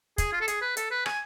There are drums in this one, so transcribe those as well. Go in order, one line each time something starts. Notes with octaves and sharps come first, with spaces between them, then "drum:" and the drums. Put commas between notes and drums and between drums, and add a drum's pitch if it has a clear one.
G#4, drum: kick, hi-hat
F4
A4
G#4, drum: hi-hat
B4
A4, drum: hi-hat
B4
G#5, drum: rim click